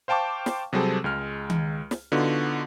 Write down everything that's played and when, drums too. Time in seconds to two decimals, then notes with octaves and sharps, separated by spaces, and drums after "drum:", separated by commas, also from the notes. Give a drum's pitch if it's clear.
0.08 C5 F5 G5 A5 C#6 D6
0.46 drum: snare
0.73 C3 F#3 G3 C4 G#4 A4
1.04 C#2 G#3 F6
1.50 drum: tom D#3
1.91 drum: snare
2.12 D3 B3 D#4 F4 F#4